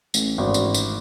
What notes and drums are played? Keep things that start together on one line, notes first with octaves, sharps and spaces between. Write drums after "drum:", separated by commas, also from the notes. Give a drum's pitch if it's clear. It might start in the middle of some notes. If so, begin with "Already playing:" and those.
A1, drum: tambourine
G#1
drum: tambourine
drum: tambourine